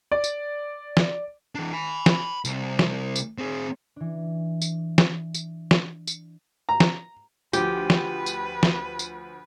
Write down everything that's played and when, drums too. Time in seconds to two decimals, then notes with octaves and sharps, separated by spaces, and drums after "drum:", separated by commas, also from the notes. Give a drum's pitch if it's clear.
0.12 D5
0.24 drum: tambourine
0.97 drum: snare
1.55 E3 D4
1.73 G#5 B5
2.06 drum: snare
2.45 C2, drum: tambourine
2.79 drum: snare
3.16 drum: tambourine
3.38 C4 G#4
3.96 E3 D4
4.62 drum: tambourine
4.98 drum: snare
5.34 drum: tambourine
5.71 drum: snare
6.07 drum: tambourine
6.69 A#5
6.80 drum: snare
7.53 D2 F3 G4 B4, drum: tambourine
7.90 drum: snare
8.26 drum: tambourine
8.63 drum: snare
8.99 drum: tambourine